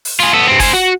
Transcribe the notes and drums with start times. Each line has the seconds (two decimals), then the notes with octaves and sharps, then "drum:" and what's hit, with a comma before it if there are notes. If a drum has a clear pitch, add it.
0.05 drum: open hi-hat
0.20 F4 G#4
0.34 B3 A4
0.47 G2 C4
0.60 C5 G#5, drum: kick, open hi-hat
0.73 F#4